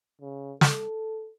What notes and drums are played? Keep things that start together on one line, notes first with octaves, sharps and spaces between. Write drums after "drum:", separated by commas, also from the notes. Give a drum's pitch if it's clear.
C#3
A4, drum: snare